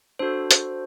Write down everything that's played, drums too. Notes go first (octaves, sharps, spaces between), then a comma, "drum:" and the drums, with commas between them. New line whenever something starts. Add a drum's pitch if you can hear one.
D4 F#4 A4 C5
drum: hi-hat